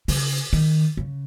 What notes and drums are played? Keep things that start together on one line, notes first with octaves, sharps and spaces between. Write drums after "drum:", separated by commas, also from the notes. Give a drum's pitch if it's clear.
C#3, drum: open hi-hat
D#3
C#3